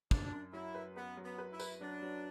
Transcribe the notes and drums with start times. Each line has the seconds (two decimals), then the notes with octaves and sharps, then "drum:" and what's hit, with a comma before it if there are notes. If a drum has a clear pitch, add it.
0.11 F#2 D4, drum: kick
0.32 F#2
0.53 F#3 E4
0.75 B4
0.96 B3 B4
1.17 F#3
1.24 B3
1.38 B4
1.53 E4
1.59 B4, drum: tambourine
1.81 F#3 D4
2.02 F#3